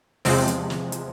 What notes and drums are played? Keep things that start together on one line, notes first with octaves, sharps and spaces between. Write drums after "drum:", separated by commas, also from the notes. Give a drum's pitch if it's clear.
E2 C3 F3 G#3 C4, drum: open hi-hat
drum: hi-hat
drum: snare
drum: hi-hat